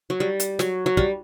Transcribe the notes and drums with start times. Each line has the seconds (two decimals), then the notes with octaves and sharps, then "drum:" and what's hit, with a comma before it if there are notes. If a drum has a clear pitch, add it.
0.10 F#3
0.20 G3
0.40 drum: hi-hat
0.59 F#3, drum: snare
0.86 F#3
0.97 G3, drum: kick